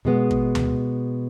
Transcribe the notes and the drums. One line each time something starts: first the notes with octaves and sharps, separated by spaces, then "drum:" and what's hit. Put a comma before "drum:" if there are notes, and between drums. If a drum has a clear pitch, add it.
B2 G#3 B3
drum: kick
drum: tom D2